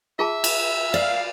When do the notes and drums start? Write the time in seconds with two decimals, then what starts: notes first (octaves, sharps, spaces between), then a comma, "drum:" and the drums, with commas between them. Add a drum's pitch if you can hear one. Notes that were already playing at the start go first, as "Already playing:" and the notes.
0.19 F4 G#4 E5 A5
0.44 drum: cymbal
0.94 D5 F5